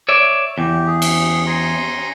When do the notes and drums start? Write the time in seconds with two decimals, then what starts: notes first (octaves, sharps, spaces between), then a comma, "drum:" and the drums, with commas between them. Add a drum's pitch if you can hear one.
0.09 C#5 D5 E5
0.58 E2 G4
0.87 G#4
1.02 drum: cymbal
1.47 G#5 A#5 C6